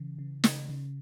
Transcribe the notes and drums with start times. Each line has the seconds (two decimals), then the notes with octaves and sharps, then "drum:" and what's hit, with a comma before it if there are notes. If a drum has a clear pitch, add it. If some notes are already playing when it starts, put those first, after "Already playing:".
Already playing: C#3 E3
0.19 C#3
0.44 C#3, drum: snare
0.69 C#3